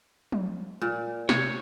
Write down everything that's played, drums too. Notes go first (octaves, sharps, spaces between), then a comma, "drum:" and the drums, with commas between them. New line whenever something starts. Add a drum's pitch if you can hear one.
drum: tom
A#2
C3 C#5, drum: snare